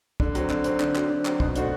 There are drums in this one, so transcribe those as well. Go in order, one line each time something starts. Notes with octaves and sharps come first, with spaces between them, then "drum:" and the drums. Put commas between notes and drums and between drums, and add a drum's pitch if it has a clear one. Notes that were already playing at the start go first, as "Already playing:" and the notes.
D3, drum: kick
F#3 C4, drum: hi-hat
D3, drum: clap
F#3 C4, drum: hi-hat
D3, drum: clap
F#3 C4, drum: clap
D3
F#3 C4, drum: clap
B2, drum: kick
A3 D4 F#4 C5, drum: hi-hat